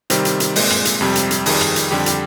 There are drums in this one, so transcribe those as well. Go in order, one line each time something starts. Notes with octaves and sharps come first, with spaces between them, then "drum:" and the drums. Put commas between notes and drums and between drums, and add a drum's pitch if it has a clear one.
C3 D#3 G3 C4, drum: hi-hat
drum: hi-hat
drum: hi-hat
A#2 G#3, drum: open hi-hat
drum: rim click
drum: hi-hat
F2 C3 G3
drum: hi-hat
drum: hi-hat
F2 D#3 G3 G#4, drum: open hi-hat
drum: rim click
drum: hi-hat
F2 D3 G3 G4
drum: hi-hat